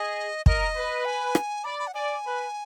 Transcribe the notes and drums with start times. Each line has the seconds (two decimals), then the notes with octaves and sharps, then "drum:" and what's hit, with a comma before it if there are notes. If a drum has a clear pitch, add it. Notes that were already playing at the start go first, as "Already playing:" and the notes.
Already playing: G#4 D#5
0.46 A#4 D#5, drum: kick
0.75 B4
1.05 G#5
1.35 drum: rim click
1.64 D5 B5
1.79 B5
1.87 F#5
1.94 D5 G#5
2.25 B4